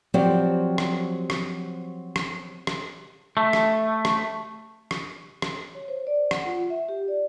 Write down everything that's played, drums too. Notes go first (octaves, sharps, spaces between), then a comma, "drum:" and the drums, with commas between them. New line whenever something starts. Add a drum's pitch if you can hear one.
F3 F#3 C4 G4 C5 D5
drum: rim click
drum: rim click
drum: rim click
drum: rim click
A3
drum: rim click
drum: rim click
drum: rim click
drum: rim click
C#5
C5
D5
F#5, drum: rim click
F4
E5
G4
D5